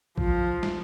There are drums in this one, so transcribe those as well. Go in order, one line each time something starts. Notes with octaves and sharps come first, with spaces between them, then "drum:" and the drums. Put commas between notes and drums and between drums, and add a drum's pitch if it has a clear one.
F3, drum: kick
drum: snare